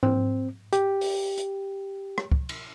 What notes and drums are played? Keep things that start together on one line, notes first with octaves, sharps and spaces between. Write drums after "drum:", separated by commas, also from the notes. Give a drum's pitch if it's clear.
C4, drum: tom G#2
G4, drum: hi-hat
drum: open hi-hat
drum: hi-hat
drum: rim click
drum: kick
drum: cymbal